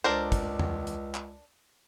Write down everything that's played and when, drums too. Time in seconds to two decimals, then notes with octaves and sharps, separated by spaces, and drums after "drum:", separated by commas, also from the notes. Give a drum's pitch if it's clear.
0.04 C#2 D4 A#4 C5
0.32 drum: kick, hi-hat
0.59 drum: tom E2
0.87 drum: hi-hat
1.15 drum: clap